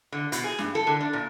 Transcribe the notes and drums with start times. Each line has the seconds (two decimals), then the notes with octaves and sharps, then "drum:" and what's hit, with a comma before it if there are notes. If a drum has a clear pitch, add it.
0.12 D3
0.32 B2, drum: hi-hat
0.44 G#4
0.59 G2, drum: snare
0.75 A4
0.87 D3
1.01 D4
1.13 A#2